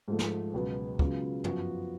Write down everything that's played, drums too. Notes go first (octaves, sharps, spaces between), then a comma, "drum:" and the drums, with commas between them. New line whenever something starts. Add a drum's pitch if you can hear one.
G#2 F3 A3
drum: snare
C#2 B2 F#3 B3
C#2 C#3 F#3 B3 F4, drum: kick
F#2 F3 B3 F#4, drum: tom